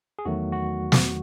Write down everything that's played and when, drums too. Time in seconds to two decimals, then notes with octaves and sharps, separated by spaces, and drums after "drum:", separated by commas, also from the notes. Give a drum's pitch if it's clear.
0.19 G#4
0.25 E2 D#3 F#3 A3 F#4
0.52 F#4
0.92 drum: snare